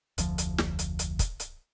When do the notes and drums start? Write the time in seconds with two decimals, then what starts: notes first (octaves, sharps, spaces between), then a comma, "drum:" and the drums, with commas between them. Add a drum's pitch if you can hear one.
0.18 F1 D2 F3, drum: hi-hat
0.38 drum: hi-hat
0.58 drum: snare
0.79 drum: hi-hat
0.99 drum: hi-hat
1.19 drum: kick, hi-hat
1.40 drum: hi-hat